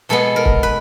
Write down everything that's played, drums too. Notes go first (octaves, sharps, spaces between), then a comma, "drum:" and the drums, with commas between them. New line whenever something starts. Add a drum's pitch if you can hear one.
B2 G#3 B3 A4
A#4
drum: kick
B4